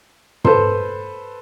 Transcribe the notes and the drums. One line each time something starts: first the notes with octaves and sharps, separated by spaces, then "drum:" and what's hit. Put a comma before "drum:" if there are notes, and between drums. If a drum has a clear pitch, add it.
A4 B4 C5 C6, drum: tom